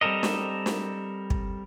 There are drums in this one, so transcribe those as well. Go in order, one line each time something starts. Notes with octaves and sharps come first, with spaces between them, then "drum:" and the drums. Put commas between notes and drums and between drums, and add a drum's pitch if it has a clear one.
G3 C4 A4 A#4 D#5
drum: snare
drum: snare
drum: kick